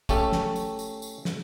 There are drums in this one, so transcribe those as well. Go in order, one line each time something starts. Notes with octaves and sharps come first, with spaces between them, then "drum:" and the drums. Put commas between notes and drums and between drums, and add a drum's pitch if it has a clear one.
A3 C#4 G4 A4, drum: kick, tambourine
drum: snare
drum: tambourine
drum: tambourine
drum: tambourine
drum: snare